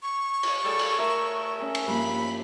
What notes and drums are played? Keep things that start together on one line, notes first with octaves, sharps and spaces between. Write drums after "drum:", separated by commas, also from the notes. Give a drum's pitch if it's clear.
C#6
drum: cymbal
G3 G#4 A4
drum: cymbal
A3 A#4 E5
C#4 G#4 A#4
drum: cymbal
G2 F3 A#3 B5